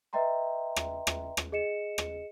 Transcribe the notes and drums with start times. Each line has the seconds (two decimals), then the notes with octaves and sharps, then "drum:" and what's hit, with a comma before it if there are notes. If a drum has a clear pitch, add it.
0.13 B4 D#5 E5 G5 A#5 C6
0.76 drum: rim click
1.07 drum: rim click
1.37 drum: rim click
1.52 G#4 D#5 C#7 E7
1.98 drum: rim click